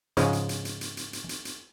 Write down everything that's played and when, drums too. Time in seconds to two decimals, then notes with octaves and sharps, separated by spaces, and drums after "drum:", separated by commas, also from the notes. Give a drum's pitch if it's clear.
0.17 G#2 C#3 F3 G#3, drum: hi-hat
0.33 drum: hi-hat
0.49 drum: hi-hat
0.65 drum: hi-hat
0.81 drum: hi-hat
0.97 drum: hi-hat
1.13 drum: hi-hat
1.29 drum: hi-hat
1.45 drum: hi-hat